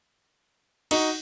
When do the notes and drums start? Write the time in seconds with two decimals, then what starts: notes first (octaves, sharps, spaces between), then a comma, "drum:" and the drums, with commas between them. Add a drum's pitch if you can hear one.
0.91 D#4 F#4, drum: cymbal